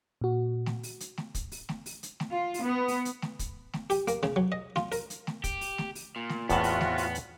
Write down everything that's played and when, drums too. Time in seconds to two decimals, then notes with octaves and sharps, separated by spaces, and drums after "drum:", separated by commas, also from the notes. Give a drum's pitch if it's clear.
0.21 A#2 F#4
0.66 drum: snare A3
0.83 drum: open hi-hat
1.00 drum: hi-hat
1.17 drum: snare A3
1.35 drum: kick, hi-hat
1.52 drum: open hi-hat
1.69 drum: snare A3
1.86 drum: open hi-hat
2.03 drum: hi-hat
2.20 drum: snare A3
2.31 F4
2.54 drum: open hi-hat
2.63 B3
2.88 drum: open hi-hat
3.05 drum: hi-hat
3.22 drum: snare A3
3.39 drum: kick, hi-hat
3.73 drum: snare A3
3.90 G4, drum: open hi-hat
4.08 A#3, drum: hi-hat
4.23 C#3, drum: snare A3
4.36 F#3
4.52 D#5
4.76 F4, drum: snare A3
4.92 A#4, drum: open hi-hat
5.10 drum: hi-hat
5.27 drum: snare A3
5.44 G4, drum: kick, hi-hat
5.61 drum: open hi-hat
5.78 drum: snare A3
5.95 drum: open hi-hat
6.16 A#2
6.29 drum: snare A3
6.49 E2 A2 B3 C4 F4 F#4 A5, drum: kick, hi-hat
6.64 drum: open hi-hat
6.81 drum: snare A3
6.98 drum: open hi-hat
7.15 drum: hi-hat